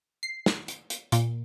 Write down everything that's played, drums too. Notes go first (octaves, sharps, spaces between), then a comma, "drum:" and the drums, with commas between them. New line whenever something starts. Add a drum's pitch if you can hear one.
C7
drum: snare
drum: hi-hat
drum: hi-hat
A#2, drum: hi-hat